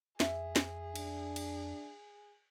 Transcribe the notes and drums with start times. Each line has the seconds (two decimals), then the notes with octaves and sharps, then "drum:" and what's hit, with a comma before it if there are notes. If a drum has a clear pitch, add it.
0.20 F2 G#4 E5, drum: snare
0.56 drum: snare
0.96 D4, drum: cymbal
1.36 drum: cymbal